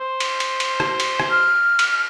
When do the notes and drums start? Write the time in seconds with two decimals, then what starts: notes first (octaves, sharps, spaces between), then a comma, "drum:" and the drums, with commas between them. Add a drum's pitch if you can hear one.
0.01 C5
0.20 drum: cymbal
0.40 drum: cymbal
0.60 drum: cymbal
0.80 drum: rim click
1.00 drum: cymbal
1.20 drum: rim click
1.30 F6
1.79 drum: cymbal